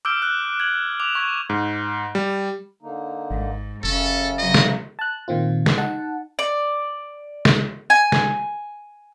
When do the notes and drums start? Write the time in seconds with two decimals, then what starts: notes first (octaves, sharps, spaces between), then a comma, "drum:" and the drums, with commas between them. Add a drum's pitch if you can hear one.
0.05 D6 E6 F6 G6 D7 G7
0.22 F#6
0.60 G#6 F#7
1.00 D6 F7
1.15 C#6 G#6 E7
1.50 G#2
2.15 G3
2.82 D3 A#3 D#4
3.31 G#1 G#2
3.84 F1 F#2 C#3 C#4 A4
4.38 C3 F#3 D#5
4.54 drum: snare
4.99 A5 F#6
5.28 A#2 D#3 C4 F4
5.66 drum: snare
5.78 D#4 F#5 A5
6.39 D5
7.45 drum: snare
7.90 G#5
8.12 drum: snare